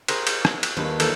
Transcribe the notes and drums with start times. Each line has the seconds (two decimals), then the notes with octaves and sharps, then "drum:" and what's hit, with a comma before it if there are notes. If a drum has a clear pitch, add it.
0.08 G4 G#4 A#4 C5, drum: cymbal
0.27 drum: cymbal
0.45 drum: rim click
0.63 drum: cymbal
0.77 D#2 G3 D4 F4 B4
1.00 E3 F#3 A#3 A4, drum: cymbal